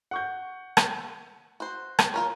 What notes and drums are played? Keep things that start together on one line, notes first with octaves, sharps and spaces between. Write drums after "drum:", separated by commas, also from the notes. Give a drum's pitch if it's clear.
F#5 C#6 G6
drum: rim click
F#4 C5
drum: rim click
F4 A#4 C#5